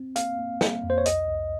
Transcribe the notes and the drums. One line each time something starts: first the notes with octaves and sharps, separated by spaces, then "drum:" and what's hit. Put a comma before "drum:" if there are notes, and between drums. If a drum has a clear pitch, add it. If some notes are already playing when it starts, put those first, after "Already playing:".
Already playing: C4
A#3 F5, drum: hi-hat
A#3
A#3, drum: snare
F2
C5
C#5
C2 D#5, drum: hi-hat
C2